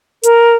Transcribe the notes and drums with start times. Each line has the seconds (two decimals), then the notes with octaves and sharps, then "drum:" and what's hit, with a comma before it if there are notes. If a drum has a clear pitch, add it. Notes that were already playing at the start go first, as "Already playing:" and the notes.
0.23 A#4, drum: hi-hat